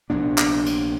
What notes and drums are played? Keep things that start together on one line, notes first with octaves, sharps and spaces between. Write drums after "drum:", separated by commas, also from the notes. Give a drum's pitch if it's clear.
A#1 C3 B3 D4
drum: clap
drum: cymbal